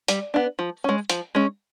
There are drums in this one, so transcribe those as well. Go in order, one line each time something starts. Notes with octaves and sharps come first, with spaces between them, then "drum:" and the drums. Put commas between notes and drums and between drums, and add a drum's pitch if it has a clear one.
G3, drum: hi-hat
B3 D4
F3
G#3 C#4
F3, drum: hi-hat
G#3 C#4